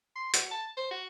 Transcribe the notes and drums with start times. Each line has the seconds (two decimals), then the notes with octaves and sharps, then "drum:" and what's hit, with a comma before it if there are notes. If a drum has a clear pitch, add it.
0.16 C6
0.34 F#4, drum: hi-hat
0.51 A5
0.77 C5
0.91 F#4